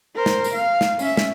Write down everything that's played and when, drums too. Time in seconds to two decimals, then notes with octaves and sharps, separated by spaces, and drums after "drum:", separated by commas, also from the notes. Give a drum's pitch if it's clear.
0.15 A#4 C5
0.26 drum: snare
0.44 drum: tambourine
0.54 F5
0.81 drum: snare
0.99 C#4 E5, drum: tambourine
1.17 drum: snare